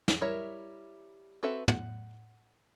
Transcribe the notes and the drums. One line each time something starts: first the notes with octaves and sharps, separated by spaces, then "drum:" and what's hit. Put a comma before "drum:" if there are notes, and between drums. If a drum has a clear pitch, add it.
drum: snare
G3 E4 A#4 C#5 E5
C4 F#4 A4 B4 E5
F#5, drum: tom